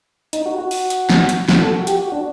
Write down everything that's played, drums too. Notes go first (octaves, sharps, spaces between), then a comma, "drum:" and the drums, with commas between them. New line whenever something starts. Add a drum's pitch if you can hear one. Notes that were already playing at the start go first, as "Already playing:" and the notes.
D#4, drum: hi-hat
F#4
F#4
drum: open hi-hat
drum: hi-hat
drum: snare
drum: hi-hat
F#4, drum: snare
A4
F#4
G4, drum: hi-hat
F#4
D4